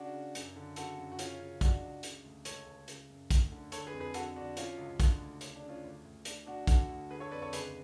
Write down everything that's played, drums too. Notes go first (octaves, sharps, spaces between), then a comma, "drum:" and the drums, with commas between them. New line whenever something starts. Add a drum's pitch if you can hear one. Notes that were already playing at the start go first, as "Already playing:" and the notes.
Already playing: C#3 D4 F#4
C#3
F#2, drum: hi-hat
D3
C#3 F#4 A4, drum: hi-hat
F#2
F#4
C#3 C#4 F4, drum: hi-hat
C#3
C#2 D4 F#4, drum: kick, hi-hat
C#2
C#3, drum: hi-hat
D2
C#2 A4 C#5, drum: hi-hat
C#2
C#3, drum: hi-hat
F#2
D2, drum: kick, hi-hat
D3
D3 A4 C#5, drum: hi-hat
G#4 B4
F2
G#4 B4
D3 F#4 A4, drum: hi-hat
D3 D4 F#4
B2 C#4 F4, drum: hi-hat
C#2
D3, drum: kick, hi-hat
D2
C#3 C#4, drum: hi-hat
D4
C#3
C#4 F4
D2
D2
B2 D4, drum: hi-hat
B2 D4 F#4
D3 F#4 A4, drum: kick, hi-hat
D2
D3 G#4 B4
A4 C#5
F2 B4 D5
A4 C#5
C#2 G#4 B4, drum: hi-hat